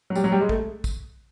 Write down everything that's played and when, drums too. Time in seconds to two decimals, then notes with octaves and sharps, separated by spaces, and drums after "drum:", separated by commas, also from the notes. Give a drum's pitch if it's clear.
0.10 F#3
0.15 G3, drum: tambourine
0.24 F#3
0.32 G3
0.40 G#3
0.49 A3, drum: kick
0.84 drum: kick, tambourine